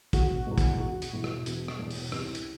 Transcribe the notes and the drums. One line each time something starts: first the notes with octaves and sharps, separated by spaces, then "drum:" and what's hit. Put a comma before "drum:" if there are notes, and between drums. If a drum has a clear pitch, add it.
E1 F#4, drum: kick, hi-hat
E2 B2
drum: kick, hi-hat
E1 F#4
drum: hi-hat
E2 B2 E4
drum: rim click
E1 F#4, drum: hi-hat
drum: rim click
E2 B2
drum: open hi-hat
C2 G4, drum: rim click
drum: hi-hat